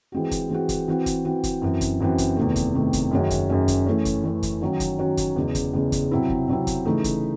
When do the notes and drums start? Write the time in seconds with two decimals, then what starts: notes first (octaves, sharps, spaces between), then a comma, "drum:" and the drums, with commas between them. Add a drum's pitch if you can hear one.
0.12 E3 G#3 C4 F#4
0.31 drum: kick, hi-hat
0.49 E3 G#3 C4 F#4
0.69 drum: kick, hi-hat
0.88 E3 C4 F#4
1.06 drum: kick, hi-hat
1.25 E3 C4 F#4
1.44 drum: kick, hi-hat
1.62 F#2 E3 C4 F#4
1.81 drum: kick, hi-hat
2.00 F#2 E3 C4 F#4
2.18 drum: kick, hi-hat
2.36 E2 C3 D#3 A3
2.56 drum: kick, hi-hat
2.75 E2 C3 D#3 A3
2.93 drum: kick, hi-hat
3.11 F#2 D#3 G#3 C#4 F#4
3.30 drum: kick, hi-hat
3.49 F#2 D#3 G#3 C#4 F#4
3.68 drum: kick, hi-hat
3.86 E3 A3 C#4
4.05 drum: kick, hi-hat
4.24 E3 A3 C#4
4.43 drum: kick, hi-hat
4.61 D#3 F#3 C#4 F#4
4.80 drum: kick, hi-hat
4.99 D#3 F#3 C#4 F#4
5.17 drum: kick, hi-hat
5.36 E2 C#3 G#3
5.55 drum: kick, hi-hat
5.73 E2 C#3 G#3
5.92 drum: kick, hi-hat
6.11 C3 F#3 C4 E4
6.29 drum: kick
6.48 C3 F#3 C4 E4
6.67 drum: kick, hi-hat
6.85 C#3 E3 A3 D#4
7.04 drum: kick, hi-hat